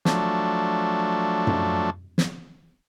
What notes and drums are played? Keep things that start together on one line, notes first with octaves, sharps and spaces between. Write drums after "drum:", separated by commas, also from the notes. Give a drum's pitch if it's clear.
F3 F#3 A3 D4, drum: snare
drum: tom F#2
drum: snare